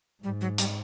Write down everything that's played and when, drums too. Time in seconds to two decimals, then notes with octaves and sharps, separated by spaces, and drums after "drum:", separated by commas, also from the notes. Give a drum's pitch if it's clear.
0.23 G#2 G3
0.41 F#3
0.58 G3, drum: hi-hat